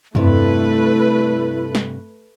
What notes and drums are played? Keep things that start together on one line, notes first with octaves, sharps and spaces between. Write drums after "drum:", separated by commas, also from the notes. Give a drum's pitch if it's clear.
G2 C3 A3 E4 B4, drum: tom
drum: snare